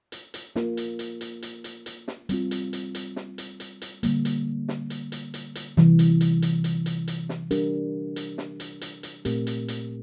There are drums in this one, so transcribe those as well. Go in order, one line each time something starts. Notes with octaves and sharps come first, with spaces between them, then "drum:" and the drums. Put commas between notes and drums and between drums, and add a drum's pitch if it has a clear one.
drum: hi-hat
drum: hi-hat
A#3 F4 A#4, drum: snare
drum: hi-hat
drum: hi-hat
drum: hi-hat
drum: hi-hat
drum: hi-hat
drum: hi-hat
drum: snare
G3 C4 F4, drum: hi-hat
drum: hi-hat
drum: hi-hat
drum: hi-hat
drum: snare
drum: hi-hat
drum: hi-hat
drum: hi-hat
D3 G3 A#3, drum: hi-hat
drum: hi-hat
drum: snare
drum: hi-hat
drum: hi-hat
drum: hi-hat
drum: hi-hat
C3 E3 G3, drum: snare
drum: hi-hat
drum: hi-hat
drum: hi-hat
drum: hi-hat
drum: hi-hat
drum: hi-hat
drum: snare
G3 D4 G4 A#4, drum: hi-hat
drum: hi-hat
drum: snare
drum: hi-hat
drum: hi-hat
drum: hi-hat
A#2 A3 C4 G4 A#4, drum: hi-hat
drum: hi-hat
drum: hi-hat